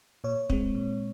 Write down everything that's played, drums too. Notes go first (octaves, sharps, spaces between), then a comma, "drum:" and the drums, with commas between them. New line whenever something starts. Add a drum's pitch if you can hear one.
A#2 C#5
G#3 C4, drum: kick
A#2